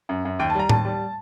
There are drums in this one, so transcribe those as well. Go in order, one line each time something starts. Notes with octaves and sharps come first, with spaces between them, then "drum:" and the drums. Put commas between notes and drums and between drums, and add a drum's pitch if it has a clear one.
F#2
F#2
D#2 G5
A5
G3 A#5
D#2 A5, drum: tom A2
G3